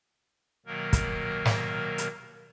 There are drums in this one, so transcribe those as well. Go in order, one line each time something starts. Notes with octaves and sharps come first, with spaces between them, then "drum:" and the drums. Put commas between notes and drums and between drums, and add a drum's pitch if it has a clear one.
B2 D#3 F#3 A#3 A#4
drum: kick, hi-hat
drum: snare
drum: hi-hat